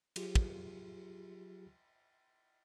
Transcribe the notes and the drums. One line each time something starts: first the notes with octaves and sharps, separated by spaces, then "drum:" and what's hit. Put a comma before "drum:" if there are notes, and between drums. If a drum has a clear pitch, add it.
F#3 F4 G4 G#4, drum: cymbal
drum: kick